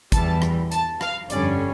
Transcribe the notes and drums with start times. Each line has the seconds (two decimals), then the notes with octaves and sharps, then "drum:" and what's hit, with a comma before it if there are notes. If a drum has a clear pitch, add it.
0.12 E2 E3 G3 A5, drum: kick, hi-hat
0.42 drum: rim click
0.72 A5, drum: hi-hat
1.01 F5, drum: rim click
1.30 G1 F2 D3 G3 C#4 D5, drum: hi-hat